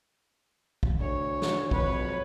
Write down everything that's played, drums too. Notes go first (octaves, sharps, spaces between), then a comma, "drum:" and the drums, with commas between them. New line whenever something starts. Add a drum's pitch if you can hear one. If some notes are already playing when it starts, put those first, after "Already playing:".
drum: kick
D2 C#5
drum: snare
F2 G#2 F#3 B4 C#5, drum: kick